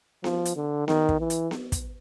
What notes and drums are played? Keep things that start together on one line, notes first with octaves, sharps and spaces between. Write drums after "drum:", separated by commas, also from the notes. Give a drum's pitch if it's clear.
F3, drum: snare B3
drum: hi-hat
D3
D#3, drum: snare B3
drum: kick
E3
drum: hi-hat
drum: snare B3
drum: kick, hi-hat